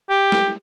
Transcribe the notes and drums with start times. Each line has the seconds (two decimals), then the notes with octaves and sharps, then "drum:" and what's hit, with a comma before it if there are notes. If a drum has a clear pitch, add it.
0.10 G4
0.32 drum: snare